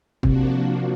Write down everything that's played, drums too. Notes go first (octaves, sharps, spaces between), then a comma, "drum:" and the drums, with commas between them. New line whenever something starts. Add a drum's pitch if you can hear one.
C3 F3 A#3 D4 F#4, drum: kick